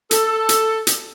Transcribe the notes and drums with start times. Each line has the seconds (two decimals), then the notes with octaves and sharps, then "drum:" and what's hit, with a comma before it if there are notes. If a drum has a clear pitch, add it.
0.11 A4, drum: hi-hat
0.49 drum: hi-hat
0.87 drum: hi-hat